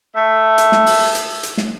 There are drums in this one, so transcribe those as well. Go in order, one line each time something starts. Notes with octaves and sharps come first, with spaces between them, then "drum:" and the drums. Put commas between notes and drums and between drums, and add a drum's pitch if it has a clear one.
A3 E5
drum: hi-hat
drum: snare
drum: open hi-hat
drum: hi-hat
drum: hi-hat
drum: snare